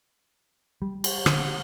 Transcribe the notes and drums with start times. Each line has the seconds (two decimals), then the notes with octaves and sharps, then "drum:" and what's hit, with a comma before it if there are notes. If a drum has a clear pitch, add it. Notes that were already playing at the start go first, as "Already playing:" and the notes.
0.82 G3
1.04 drum: cymbal
1.26 D3, drum: rim click